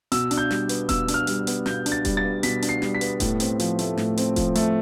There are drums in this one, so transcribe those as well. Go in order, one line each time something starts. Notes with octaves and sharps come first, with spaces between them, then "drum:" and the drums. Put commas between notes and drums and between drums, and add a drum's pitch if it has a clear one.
B2 E6, drum: hi-hat
D4, drum: hi-hat
G6
G3, drum: snare
B3, drum: hi-hat
B2 E6, drum: kick E1, hi-hat
D4, drum: hi-hat
F6
G3, drum: hi-hat
B3, drum: hi-hat
B2 G6, drum: snare
D4, drum: hi-hat
A6
G3, drum: kick E1, hi-hat
A6
B3
B2 B6, drum: hi-hat
D4, drum: hi-hat
C7
G3, drum: snare
B6
B3, drum: hi-hat
A2, drum: kick E1, hi-hat
C4, drum: hi-hat
F3, drum: hi-hat
A3, drum: hi-hat
A2, drum: snare
C4, drum: hi-hat
F3, drum: kick E1, hi-hat
A3, drum: hi-hat